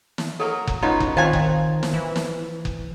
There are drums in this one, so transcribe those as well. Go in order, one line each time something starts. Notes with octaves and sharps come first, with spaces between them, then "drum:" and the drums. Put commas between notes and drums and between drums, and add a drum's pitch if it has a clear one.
drum: snare
F#3 A#3 A4 A#4
drum: kick F#1
G#3 B3 C#4 D#4 F4 F#4 A#5
drum: kick F#1
D#3 C4 F4 C5 C#5 F5 G#5 A5
drum: kick F#1
drum: snare
E3
drum: snare
drum: kick F#1